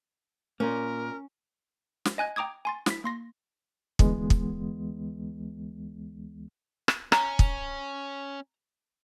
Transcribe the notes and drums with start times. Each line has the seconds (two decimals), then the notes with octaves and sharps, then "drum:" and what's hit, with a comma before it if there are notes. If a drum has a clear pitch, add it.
0.60 A#2 A#3 C#4 A#4
2.05 drum: snare
2.18 D#5 G#5 F#6 G#6
2.36 G5 A#5 D6 D#6 G#6
2.65 G#5 C6 A6
2.86 E4 B6, drum: snare
3.04 A#3 C6 A#6
3.99 D2 E3 G#3 B3, drum: kick
4.30 drum: kick
6.88 drum: rim click
7.12 C#4 A#5, drum: rim click
7.39 drum: kick